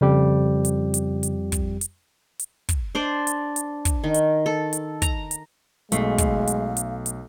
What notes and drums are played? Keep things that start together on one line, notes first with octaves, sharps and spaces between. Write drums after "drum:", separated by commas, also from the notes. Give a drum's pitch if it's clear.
F2 C#3 G3 G4
drum: hi-hat
drum: hi-hat
drum: hi-hat
drum: kick, hi-hat
drum: hi-hat
drum: hi-hat
drum: kick, hi-hat
D4 C5 D5
drum: hi-hat
drum: hi-hat
drum: kick, hi-hat
D#3
drum: hi-hat
A4
drum: hi-hat
A#5, drum: kick, hi-hat
drum: hi-hat
B1 G#3 A3 F5 C7, drum: hi-hat
drum: kick, hi-hat
drum: hi-hat
drum: hi-hat
drum: hi-hat